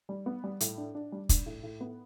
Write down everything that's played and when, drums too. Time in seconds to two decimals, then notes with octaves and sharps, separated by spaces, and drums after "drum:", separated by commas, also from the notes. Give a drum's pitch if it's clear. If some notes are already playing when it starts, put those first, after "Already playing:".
0.09 G3
0.26 B3
0.44 G3
0.60 A2, drum: hi-hat
0.78 D4
0.95 D4
1.12 G3
1.29 D4, drum: kick, hi-hat
1.46 A2
1.63 A2
1.81 B3